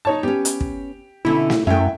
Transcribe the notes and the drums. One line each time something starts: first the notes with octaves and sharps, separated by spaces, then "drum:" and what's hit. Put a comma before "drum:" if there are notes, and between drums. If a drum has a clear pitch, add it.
D#4 C#5 A5
B3 C#4 G4
drum: hi-hat
drum: kick
B2 D3 C#4 E4
drum: snare
F#2 A3 C#4 E4 G5